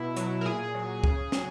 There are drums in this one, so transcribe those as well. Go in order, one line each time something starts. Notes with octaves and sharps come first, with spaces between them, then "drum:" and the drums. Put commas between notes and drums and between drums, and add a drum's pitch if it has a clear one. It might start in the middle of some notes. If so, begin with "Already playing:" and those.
Already playing: B2 E4
F#3, drum: hi-hat
A#4
A#2 G#4
F#3
C#3, drum: kick C2
F#3, drum: snare